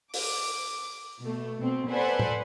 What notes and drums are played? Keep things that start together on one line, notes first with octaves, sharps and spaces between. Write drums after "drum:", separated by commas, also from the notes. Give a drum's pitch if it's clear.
D6, drum: open hi-hat
B2 A3
B2 C4
A4 B4 C5 D5 F#5 G#5
drum: tom